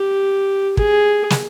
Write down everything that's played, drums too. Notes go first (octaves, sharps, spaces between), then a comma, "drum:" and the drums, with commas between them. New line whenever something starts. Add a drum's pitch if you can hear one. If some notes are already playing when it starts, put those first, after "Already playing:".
Already playing: G4
G#4, drum: kick
drum: snare